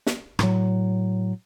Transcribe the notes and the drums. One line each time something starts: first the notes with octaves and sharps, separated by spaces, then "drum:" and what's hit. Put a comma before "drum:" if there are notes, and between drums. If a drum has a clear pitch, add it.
drum: snare
A2 F#3, drum: rim click